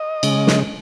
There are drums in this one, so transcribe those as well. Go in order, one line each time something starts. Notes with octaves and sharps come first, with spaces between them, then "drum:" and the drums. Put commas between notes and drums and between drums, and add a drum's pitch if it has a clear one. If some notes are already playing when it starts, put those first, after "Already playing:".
Already playing: D#5
C#3 G#3, drum: cymbal
drum: snare